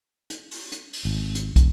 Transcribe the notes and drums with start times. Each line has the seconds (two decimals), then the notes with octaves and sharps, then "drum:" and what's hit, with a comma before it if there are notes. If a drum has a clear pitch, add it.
0.30 drum: hi-hat
0.51 drum: open hi-hat
0.72 drum: hi-hat
0.93 drum: open hi-hat
1.05 G#1
1.35 drum: hi-hat
1.56 E1, drum: kick, hi-hat